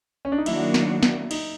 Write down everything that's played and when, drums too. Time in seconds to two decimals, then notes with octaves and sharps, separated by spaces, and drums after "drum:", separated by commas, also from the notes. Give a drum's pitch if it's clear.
0.25 C#4
0.32 D4
0.38 D#4
0.46 D#3 F#3 A#3 D4 E4 F#4, drum: cymbal
0.74 drum: snare
1.03 drum: snare
1.31 D#4, drum: cymbal